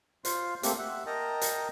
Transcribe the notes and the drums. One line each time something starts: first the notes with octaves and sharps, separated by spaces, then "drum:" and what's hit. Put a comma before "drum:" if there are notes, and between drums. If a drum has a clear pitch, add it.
F4 C5 F5, drum: hi-hat
A3 A#3 C4 G4, drum: hi-hat
E5 F#5
A#4 D#5 G5 A5 A#5
drum: hi-hat